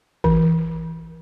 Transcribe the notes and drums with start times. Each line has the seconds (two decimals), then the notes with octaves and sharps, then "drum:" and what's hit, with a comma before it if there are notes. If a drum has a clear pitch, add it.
0.24 E3, drum: kick G#1